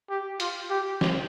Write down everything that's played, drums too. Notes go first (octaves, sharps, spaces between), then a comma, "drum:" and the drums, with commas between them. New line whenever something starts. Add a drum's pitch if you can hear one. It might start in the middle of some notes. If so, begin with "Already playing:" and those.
G4
F4, drum: hi-hat
G4
drum: snare